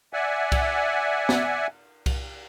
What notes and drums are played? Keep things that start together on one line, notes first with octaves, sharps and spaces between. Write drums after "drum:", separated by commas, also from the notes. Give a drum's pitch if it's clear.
D5 E5 F#5 G#5
drum: kick C2, cymbal
drum: snare
drum: kick C2, cymbal